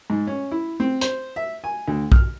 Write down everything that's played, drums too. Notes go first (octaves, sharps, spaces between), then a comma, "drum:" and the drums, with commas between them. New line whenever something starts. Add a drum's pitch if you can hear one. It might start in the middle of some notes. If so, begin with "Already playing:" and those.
G#2
C#4
E4
C4
C5, drum: hi-hat
E5
G#5
D2
F6, drum: kick